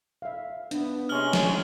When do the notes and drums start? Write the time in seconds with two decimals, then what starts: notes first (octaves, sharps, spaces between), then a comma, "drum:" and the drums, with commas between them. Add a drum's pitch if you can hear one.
0.22 E5 F5
0.71 B3 D4, drum: hi-hat
1.09 C3 G#3 C#4 F6 F#7 G7
1.33 drum: snare